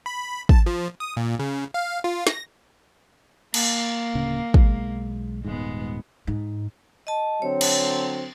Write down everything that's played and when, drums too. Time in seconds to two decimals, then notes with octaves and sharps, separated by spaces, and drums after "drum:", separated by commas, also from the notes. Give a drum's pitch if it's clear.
0.06 B5
0.49 A5, drum: kick
0.66 F3
1.00 D#6
1.17 A#2
1.39 C#3
1.74 F5
2.04 F4
2.27 A#6, drum: snare
3.54 A#3, drum: cymbal
4.15 D1 C#3
4.54 B1 G#3, drum: kick
5.44 D#1 G#2 G#3 B3
6.27 G#2
7.07 D#5 A5
7.42 D3 F#3 C4 C#5
7.61 drum: cymbal